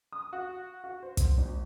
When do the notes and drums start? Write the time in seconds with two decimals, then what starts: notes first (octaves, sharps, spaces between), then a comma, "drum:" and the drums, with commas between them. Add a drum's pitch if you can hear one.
0.13 D#6
0.33 F#4
0.84 F#4
1.03 C5
1.17 drum: kick, hi-hat
1.38 G#1